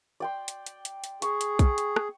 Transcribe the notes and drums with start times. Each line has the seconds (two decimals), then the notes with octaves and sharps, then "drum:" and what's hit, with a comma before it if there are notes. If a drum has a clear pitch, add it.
0.20 D5 G5 C6
0.48 drum: hi-hat
0.66 drum: hi-hat
0.85 drum: hi-hat
1.04 drum: hi-hat
1.22 G#4 C#6, drum: hi-hat
1.41 drum: hi-hat
1.59 drum: kick, hi-hat
1.78 drum: hi-hat
1.96 drum: rim click